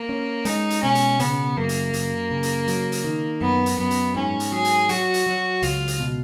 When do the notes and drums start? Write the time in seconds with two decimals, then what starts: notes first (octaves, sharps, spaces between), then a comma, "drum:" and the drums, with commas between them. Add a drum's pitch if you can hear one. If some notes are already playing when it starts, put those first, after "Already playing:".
Already playing: A#3
0.09 C#4
0.45 G#3 D#4, drum: hi-hat
0.70 drum: hi-hat
0.83 B2 C#4
0.95 drum: hi-hat
1.20 C#3 B3, drum: hi-hat
1.57 F#2 A#3
1.69 drum: hi-hat
1.94 F#2, drum: hi-hat
2.31 C#3
2.43 drum: hi-hat
2.68 F#3, drum: hi-hat
2.92 drum: hi-hat
3.04 D#3
3.41 F#2 B3
3.66 drum: hi-hat
3.78 F#2 B3
3.91 drum: hi-hat
4.15 G#2 C#4
4.40 drum: hi-hat
4.52 F#3 G#4
4.65 drum: hi-hat
4.89 F#3 F#4, drum: hi-hat
5.14 drum: hi-hat
5.27 F#3
5.62 C#2 F4, drum: hi-hat
5.88 drum: hi-hat
6.00 B2